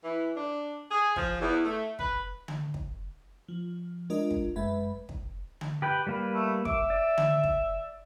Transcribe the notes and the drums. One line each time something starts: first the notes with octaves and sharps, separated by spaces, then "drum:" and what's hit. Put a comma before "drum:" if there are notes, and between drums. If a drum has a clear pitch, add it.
E3
D4
G#4
F3, drum: kick
E2
A3
B4, drum: kick
drum: tom D3
drum: kick
F3
G#3 D4 F4 A#4 D#5
drum: kick
G1 F#2 G#3 B4 E5 B5
drum: kick
drum: tom D3
G4 B4 G5
G3 A#3 B4
A3
E5 D6, drum: kick
D5
drum: tom D3
drum: kick